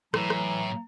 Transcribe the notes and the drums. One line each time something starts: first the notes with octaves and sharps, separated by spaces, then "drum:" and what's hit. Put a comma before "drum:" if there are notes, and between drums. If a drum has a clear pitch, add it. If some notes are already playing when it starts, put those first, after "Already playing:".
A2 E3 F#3 A#5, drum: rim click
drum: rim click